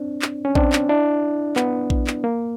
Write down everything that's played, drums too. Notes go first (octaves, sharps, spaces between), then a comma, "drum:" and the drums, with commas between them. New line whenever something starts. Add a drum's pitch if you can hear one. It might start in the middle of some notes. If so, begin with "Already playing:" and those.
Already playing: C4 D4
drum: clap
C#4
C4 D4, drum: kick A#1
drum: clap
D4 E4
B3, drum: clap
drum: kick A#1
drum: clap
A#3